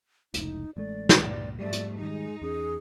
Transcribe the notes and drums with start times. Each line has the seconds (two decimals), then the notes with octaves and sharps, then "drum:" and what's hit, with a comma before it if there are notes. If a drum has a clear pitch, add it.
0.34 F1 C#2 A2 D#4, drum: hi-hat
0.77 A1 G#3 A3 D5
1.09 drum: snare
1.19 C#2 G2 A#2
1.59 F2 G#2 G3 A3 D5
1.72 drum: hi-hat
1.99 D#3 G3 G#3 D#4
2.42 E2 C#4 G#4